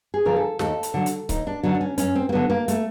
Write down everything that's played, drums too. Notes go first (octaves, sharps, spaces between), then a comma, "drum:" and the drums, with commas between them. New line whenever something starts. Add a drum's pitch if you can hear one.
G#4
D3 F3 A#4
A4
D#2 A4, drum: snare
drum: hi-hat
D3 F#3
drum: hi-hat
D#2 D#4, drum: kick C#1, hi-hat
D4
D3 F#3 D4
D4
C#4
F#2 C#4, drum: hi-hat
C4
A#3
D3 F#3 B3
A#3
A3, drum: hi-hat